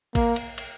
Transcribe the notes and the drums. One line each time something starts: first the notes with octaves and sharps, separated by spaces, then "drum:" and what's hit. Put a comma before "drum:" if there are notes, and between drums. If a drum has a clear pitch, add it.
A#3, drum: kick A1, cymbal
drum: cymbal
drum: cymbal